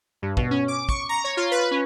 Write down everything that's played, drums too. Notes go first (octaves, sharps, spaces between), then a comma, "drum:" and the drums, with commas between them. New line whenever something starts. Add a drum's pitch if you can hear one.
G2
B2, drum: kick
C#4
D6
C#6, drum: kick
A#5
C#5
F4
B4
C#4